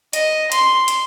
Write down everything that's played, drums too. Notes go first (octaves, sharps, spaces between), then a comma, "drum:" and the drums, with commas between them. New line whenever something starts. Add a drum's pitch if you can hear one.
D#5, drum: hi-hat
C6, drum: hi-hat
drum: hi-hat